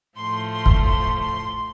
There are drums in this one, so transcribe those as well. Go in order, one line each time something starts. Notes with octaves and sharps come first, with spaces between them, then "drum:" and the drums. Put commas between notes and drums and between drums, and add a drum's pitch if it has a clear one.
A2 F3 A3 C6
C6
drum: kick
C6
C6